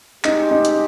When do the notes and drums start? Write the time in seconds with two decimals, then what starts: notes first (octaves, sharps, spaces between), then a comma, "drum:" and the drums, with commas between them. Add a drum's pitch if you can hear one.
0.24 G#3 C4 D#4 G4, drum: clap
0.51 D#4
0.65 drum: hi-hat